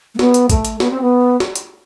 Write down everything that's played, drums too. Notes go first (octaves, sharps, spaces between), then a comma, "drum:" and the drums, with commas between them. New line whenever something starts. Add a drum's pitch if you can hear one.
A3
B3, drum: snare
drum: hi-hat
A3, drum: kick, hi-hat
drum: hi-hat
B3, drum: snare
C4
B3
drum: snare
drum: hi-hat